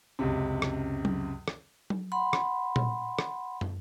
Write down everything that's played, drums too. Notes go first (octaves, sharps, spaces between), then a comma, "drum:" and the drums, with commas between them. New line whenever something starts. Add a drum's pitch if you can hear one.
C#2 F#2 C3
drum: rim click
drum: tom F#3
drum: rim click
drum: tom F#3
F#5 B5 C6
drum: rim click
drum: tom
drum: rim click
drum: tom